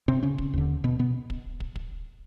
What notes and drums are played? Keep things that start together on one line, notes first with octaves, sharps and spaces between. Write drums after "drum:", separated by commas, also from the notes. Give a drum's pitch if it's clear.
C3 C4
C#3 C#4
drum: kick
D#2 D3
B2 B3
B2 B3
drum: kick
drum: kick
drum: kick